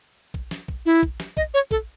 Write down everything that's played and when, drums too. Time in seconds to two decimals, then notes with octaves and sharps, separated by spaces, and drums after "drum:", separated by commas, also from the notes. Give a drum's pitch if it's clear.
0.34 drum: kick
0.51 drum: snare
0.68 drum: kick
0.86 E4
1.03 drum: kick
1.20 drum: snare
1.37 D#5, drum: kick
1.54 C#5
1.71 A4, drum: kick